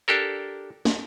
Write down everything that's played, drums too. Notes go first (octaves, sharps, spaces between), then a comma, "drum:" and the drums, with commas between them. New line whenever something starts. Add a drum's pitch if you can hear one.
D4 G4 A4 A#4
drum: snare